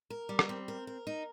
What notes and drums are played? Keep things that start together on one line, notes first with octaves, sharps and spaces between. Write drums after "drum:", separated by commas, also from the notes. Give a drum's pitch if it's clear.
A#4
G3
drum: rim click
C4
A#4
A#4
D#4